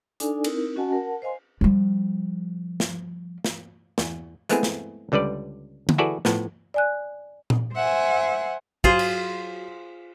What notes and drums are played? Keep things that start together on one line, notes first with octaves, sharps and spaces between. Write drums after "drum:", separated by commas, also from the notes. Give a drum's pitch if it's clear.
D4 D#4 A4 D5 G#5, drum: hi-hat
C4 D#4 E4 A#4, drum: cymbal
C#4 F#4 D#5 F#5 G#5 A5
A#4 F#5 A5
C5 D#5 F5 G#5 C6
F3 G3
drum: snare
drum: snare
E2, drum: snare
G#3 A3 B3 C4 E4 G#4, drum: hi-hat
drum: snare
C#2 D3 G3 B4 D5
drum: tom
E4 F#4 G#4 A4 B4 D5
A2 F3 B3, drum: snare
D5 G#5 F#6
drum: tom A#2
C5 E5 F#5 G#5
F#3 F4 G#4 C5, drum: kick
drum: cymbal